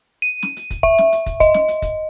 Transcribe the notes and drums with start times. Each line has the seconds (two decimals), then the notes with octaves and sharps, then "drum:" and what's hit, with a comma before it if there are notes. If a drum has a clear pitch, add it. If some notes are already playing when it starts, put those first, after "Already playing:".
0.22 D#7
0.43 drum: snare
0.57 drum: hi-hat
0.71 drum: kick, hi-hat
0.83 E5, drum: kick
0.98 drum: snare
1.12 drum: hi-hat
1.26 drum: kick, hi-hat
1.40 D#5, drum: kick, hi-hat
1.54 drum: snare
1.68 drum: hi-hat
1.82 drum: kick, hi-hat